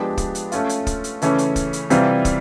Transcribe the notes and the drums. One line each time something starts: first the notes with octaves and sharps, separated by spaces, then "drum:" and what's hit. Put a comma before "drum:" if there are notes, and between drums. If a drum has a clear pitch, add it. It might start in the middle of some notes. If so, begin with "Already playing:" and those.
Already playing: F3 G#3 B3 D4 G4
drum: kick, hi-hat
drum: hi-hat
A3 C#4 F4, drum: hi-hat
drum: hi-hat
drum: kick, hi-hat
drum: hi-hat
C#3 E3 A3 C#4, drum: hi-hat
drum: hi-hat
drum: kick, hi-hat
drum: hi-hat
C3 E3 G3 C4 F4, drum: hi-hat
drum: kick, hi-hat